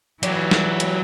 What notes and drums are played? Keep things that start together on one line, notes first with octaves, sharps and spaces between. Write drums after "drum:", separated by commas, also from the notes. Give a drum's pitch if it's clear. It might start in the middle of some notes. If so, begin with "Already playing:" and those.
E3 F#3 G4, drum: hi-hat
drum: snare
drum: hi-hat